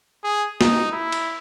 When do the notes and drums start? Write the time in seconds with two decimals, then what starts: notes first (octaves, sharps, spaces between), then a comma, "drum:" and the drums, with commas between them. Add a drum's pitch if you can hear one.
0.24 G#4
0.61 D#4, drum: snare
0.92 E4
1.12 drum: cymbal